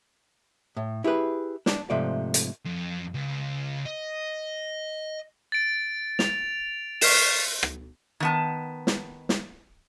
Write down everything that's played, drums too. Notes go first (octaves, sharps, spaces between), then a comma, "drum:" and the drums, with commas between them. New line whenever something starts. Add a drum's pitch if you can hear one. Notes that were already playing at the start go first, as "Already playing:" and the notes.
A2
E4 G4 G#4 B4
D4, drum: snare
G#2 C3 F3 A3 D5
drum: hi-hat
F2
C#2
D#5
A6 D7
F7, drum: snare
C#6 F6 B6 C7 E7, drum: open hi-hat
drum: rim click
D#3 B3 A5
drum: snare
drum: snare